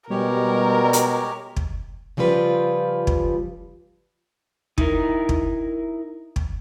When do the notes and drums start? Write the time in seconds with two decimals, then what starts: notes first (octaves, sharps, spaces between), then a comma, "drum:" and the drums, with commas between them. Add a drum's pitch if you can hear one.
0.10 B2 G3 G#3 G4 A#4 C#5
0.93 drum: hi-hat
1.56 drum: kick
2.17 C#3 F3 G3 F4 B4
3.07 drum: kick
4.78 D#4 E4 A#4, drum: kick
5.29 drum: kick
6.36 drum: kick